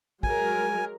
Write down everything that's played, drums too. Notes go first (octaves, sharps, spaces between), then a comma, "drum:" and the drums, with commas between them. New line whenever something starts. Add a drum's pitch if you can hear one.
F#3 G#3 A#4 G#5, drum: kick